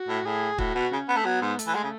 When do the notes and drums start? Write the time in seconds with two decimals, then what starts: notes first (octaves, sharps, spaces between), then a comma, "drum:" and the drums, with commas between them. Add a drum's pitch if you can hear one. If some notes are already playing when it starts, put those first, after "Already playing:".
Already playing: F#4
0.08 A2
0.25 A2 G#4
0.58 A2 F#4, drum: kick
0.75 B2
0.92 C#3 C#4
1.08 B3
1.16 A3
1.25 F#3 B3
1.41 G#2
1.59 A3, drum: hi-hat
1.67 E3
1.75 G#3
1.83 C#3